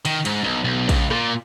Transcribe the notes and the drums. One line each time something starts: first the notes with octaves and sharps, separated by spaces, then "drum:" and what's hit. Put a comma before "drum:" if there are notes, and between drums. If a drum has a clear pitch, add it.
D#3, drum: cymbal
G#2, drum: cymbal
B1
B1
C#2, drum: kick A#1, cymbal
A#2, drum: rim click